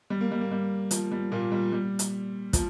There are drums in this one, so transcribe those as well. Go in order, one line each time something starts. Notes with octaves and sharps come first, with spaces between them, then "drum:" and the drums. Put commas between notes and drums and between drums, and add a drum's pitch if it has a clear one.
G3
A#3
G3
A#3
G3
F3, drum: hi-hat
G3
A#2 A#3
G3
G3
drum: hi-hat
F3, drum: kick, hi-hat